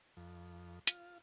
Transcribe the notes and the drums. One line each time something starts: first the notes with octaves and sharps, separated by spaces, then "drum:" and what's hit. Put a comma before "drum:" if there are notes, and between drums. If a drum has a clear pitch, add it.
F2
F4, drum: hi-hat